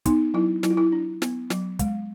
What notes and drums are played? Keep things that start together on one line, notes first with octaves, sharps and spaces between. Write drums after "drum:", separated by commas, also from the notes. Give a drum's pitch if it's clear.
B3 D#4, drum: kick, hi-hat
F#3 E4
F#3 E4, drum: snare
F4
E4
D4
B3, drum: snare
F#3, drum: snare
G#3, drum: kick, hi-hat